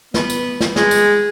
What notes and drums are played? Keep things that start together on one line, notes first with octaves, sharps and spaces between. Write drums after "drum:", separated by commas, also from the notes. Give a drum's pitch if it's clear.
B3, drum: snare
drum: tambourine
drum: snare
G#3, drum: snare
drum: tambourine